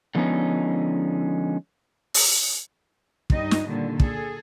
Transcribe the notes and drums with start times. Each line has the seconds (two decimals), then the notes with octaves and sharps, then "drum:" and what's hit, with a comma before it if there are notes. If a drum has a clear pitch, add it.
0.15 D3 F3 G#3 B3 C#4 D#4
2.14 drum: open hi-hat
3.30 G2 G3 D#4 D#5, drum: kick
3.51 drum: snare
3.68 A#2 D3 D#3 G3
4.00 G#4 A4, drum: kick